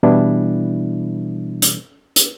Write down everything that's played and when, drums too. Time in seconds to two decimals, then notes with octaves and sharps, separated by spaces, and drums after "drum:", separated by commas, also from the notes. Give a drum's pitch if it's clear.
0.03 B2 E3 G3 B3 D4 E4
1.62 drum: hi-hat
2.16 drum: hi-hat